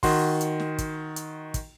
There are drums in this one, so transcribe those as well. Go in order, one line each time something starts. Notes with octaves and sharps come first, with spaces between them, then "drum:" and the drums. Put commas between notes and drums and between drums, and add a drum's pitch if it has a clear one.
D#3 F#4 C6, drum: kick, open hi-hat
drum: hi-hat
drum: snare
drum: kick, hi-hat
drum: hi-hat
drum: kick, hi-hat